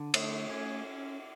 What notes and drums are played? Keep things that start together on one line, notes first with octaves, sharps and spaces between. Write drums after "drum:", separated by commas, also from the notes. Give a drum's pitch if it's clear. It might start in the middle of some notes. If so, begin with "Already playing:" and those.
Already playing: D3
A3, drum: cymbal
C#4